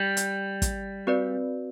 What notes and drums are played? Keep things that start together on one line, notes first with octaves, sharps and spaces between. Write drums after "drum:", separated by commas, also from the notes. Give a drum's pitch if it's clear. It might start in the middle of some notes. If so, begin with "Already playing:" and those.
Already playing: G3
drum: hi-hat
drum: kick, hi-hat
C4 F#4 B4 D5